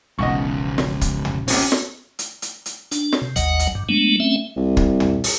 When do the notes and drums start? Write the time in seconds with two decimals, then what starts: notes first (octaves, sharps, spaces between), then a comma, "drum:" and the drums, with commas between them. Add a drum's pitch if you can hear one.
0.19 E1 B1 G#2 C#3 D#5 F#5 C#6
0.78 drum: snare
1.01 drum: kick, hi-hat
1.25 drum: tom
1.48 A#1 C4 C#4, drum: open hi-hat
1.72 drum: snare
2.19 drum: hi-hat
2.42 drum: hi-hat
2.66 drum: hi-hat
2.92 D4, drum: hi-hat
3.13 drum: snare
3.22 C3
3.36 G#1 D#2 F#3 D#5 F#5, drum: hi-hat
3.59 drum: hi-hat
3.75 G2
3.89 F#3 G#3 A3 B3 D4
4.20 A3 C4 C#4 E5
4.56 C2
4.77 drum: kick
5.00 drum: tom
5.24 drum: open hi-hat